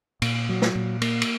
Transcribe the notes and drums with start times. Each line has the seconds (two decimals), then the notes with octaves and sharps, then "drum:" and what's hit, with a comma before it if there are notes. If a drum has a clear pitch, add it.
0.22 A#2, drum: cymbal
0.49 F#3
0.62 drum: snare
0.75 A#2
1.02 A#3, drum: cymbal
1.22 drum: cymbal